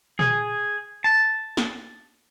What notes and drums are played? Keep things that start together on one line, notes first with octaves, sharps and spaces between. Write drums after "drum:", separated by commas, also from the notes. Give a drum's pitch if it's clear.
G#4, drum: tom A#2
A5
drum: snare